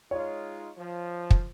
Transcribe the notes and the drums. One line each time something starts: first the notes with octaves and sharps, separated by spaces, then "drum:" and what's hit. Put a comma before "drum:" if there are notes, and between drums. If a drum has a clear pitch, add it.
G#3 D#4 F4 C#5
F3
drum: kick